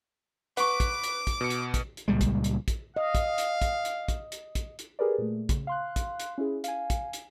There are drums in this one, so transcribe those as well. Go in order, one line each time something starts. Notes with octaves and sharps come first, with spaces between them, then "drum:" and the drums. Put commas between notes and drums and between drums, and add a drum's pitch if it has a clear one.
B4 F#5 C#6 D6, drum: hi-hat
drum: kick, hi-hat
drum: hi-hat
drum: kick, hi-hat
B2 C#7
drum: hi-hat
drum: kick, hi-hat
drum: hi-hat
C#2 A#2 G3 G#3
drum: kick, hi-hat
drum: hi-hat
drum: kick, hi-hat
D#5 F5
drum: kick, hi-hat
drum: hi-hat
drum: kick, hi-hat
drum: hi-hat
drum: kick, hi-hat
drum: hi-hat
drum: kick, hi-hat
drum: hi-hat
G4 G#4 A#4 B4 D5
A#2 A3
C#3, drum: kick, hi-hat
F5 C6 F#6
drum: kick, hi-hat
drum: hi-hat
C#4 E4 G#4
F5 G#5, drum: hi-hat
drum: kick, hi-hat
drum: hi-hat